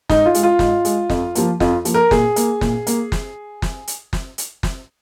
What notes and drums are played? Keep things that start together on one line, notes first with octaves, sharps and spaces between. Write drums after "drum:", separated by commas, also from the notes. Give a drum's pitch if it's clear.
G#2 D#4, drum: snare
F4
G#3, drum: hi-hat
F4
G#2, drum: snare
G#3, drum: hi-hat
F2, drum: snare
F3 A#3, drum: hi-hat
F2 F4, drum: snare
F3 A#3, drum: hi-hat
A#4
A#2 G#4, drum: snare
A#3, drum: hi-hat
A#2, drum: snare
A#3, drum: hi-hat
drum: snare
drum: snare
drum: hi-hat
drum: snare
drum: hi-hat
drum: snare